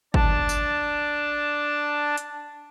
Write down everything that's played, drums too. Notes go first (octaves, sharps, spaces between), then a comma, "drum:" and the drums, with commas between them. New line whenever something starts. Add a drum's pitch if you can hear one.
D4 A5, drum: kick
drum: tambourine
drum: hi-hat